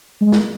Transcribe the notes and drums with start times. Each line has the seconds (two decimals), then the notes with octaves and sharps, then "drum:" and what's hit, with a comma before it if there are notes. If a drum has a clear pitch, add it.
0.21 G#3
0.32 drum: snare